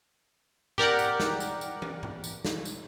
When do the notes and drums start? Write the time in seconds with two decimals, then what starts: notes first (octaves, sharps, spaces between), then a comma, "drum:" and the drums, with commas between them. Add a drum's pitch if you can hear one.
0.78 G4 A#4 D5 F#5, drum: tom G#2
0.99 drum: tambourine
1.20 drum: snare
1.40 drum: tambourine
1.61 drum: tambourine
1.82 drum: tom
2.03 drum: tom G#2
2.24 drum: tambourine
2.45 drum: snare
2.65 drum: tambourine